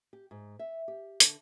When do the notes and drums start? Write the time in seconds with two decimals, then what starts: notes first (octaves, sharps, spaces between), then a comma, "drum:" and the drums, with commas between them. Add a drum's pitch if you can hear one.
0.13 G4
0.31 G#2
0.59 E5
0.88 G4
1.20 D3, drum: hi-hat